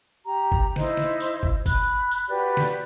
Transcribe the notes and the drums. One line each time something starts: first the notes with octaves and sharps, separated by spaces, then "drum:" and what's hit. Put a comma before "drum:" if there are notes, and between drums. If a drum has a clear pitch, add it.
G4 A#5
drum: kick
D#4 E4 C5 D#5, drum: snare
drum: snare
drum: tambourine
drum: kick
B5 F#6, drum: kick, tambourine
drum: tambourine
F#4 G4 B4 D5
drum: snare